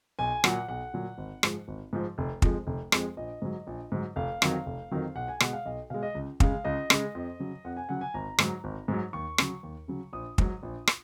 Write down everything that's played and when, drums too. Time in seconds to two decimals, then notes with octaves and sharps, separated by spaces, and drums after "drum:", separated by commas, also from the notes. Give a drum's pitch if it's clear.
0.19 B1 G#5
0.44 A#2 F#3 F#5, drum: rim click
0.68 B1 F#5
0.94 A#2 F#3
1.18 G#1
1.43 G#2 F3 G#3, drum: rim click
1.68 G#1
1.93 G#2 F3 G#3
2.18 F1
2.42 F2 F3 G#3, drum: kick
2.67 F1
2.92 F2 F3 G#3, drum: rim click
3.17 A#1 D#5
3.42 G#2 F#3
3.67 A#1
3.92 G#2 F#3
4.16 F1 F5
4.42 F2 D#3 F#3, drum: rim click
4.66 F1
4.91 F2 D#3 F#3
5.16 B1 F#5
5.28 G#5
5.40 B2 G#3 F#5, drum: rim click
5.53 F5
5.66 B1 D#5
5.90 B2 G#3 F5
6.03 D#5
6.15 C#2
6.40 C#3 G#3 F5, drum: kick
6.65 C#2 D#5
6.90 C#3 G#3, drum: rim click
7.15 F2
7.40 C#3 F#3
7.64 F2 F#5
7.77 G#5
7.89 C#3 F#3 F#5
8.01 G#5
8.14 G#1 A#5
8.39 G#2 F#3, drum: rim click
8.64 G#1
8.88 G#2 F#3
9.13 D#2 C#6
9.38 C#3 F#3, drum: rim click
9.63 D#2
9.88 C#3 F#3
10.13 A#1 D#6
10.38 G#2 F#3, drum: kick
10.63 A#1
10.87 drum: rim click